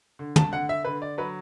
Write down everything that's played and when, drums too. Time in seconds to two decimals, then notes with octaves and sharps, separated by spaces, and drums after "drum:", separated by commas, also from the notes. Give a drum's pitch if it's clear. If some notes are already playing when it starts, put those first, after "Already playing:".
0.19 D3
0.36 A5, drum: tom
0.52 D3 F#5
0.69 E5
0.85 D3 B4
1.02 D5
1.18 F#3 B4